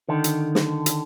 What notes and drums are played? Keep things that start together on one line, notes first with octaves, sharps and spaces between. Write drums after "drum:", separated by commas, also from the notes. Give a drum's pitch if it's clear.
D3 D#3
drum: hi-hat
drum: snare
drum: hi-hat